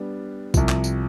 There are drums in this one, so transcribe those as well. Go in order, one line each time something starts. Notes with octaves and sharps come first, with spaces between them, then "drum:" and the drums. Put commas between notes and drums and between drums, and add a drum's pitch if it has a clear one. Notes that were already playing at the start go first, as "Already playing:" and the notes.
Already playing: G3 B3 D4
C2 C3 F3, drum: kick B1, tambourine
drum: clap
drum: tambourine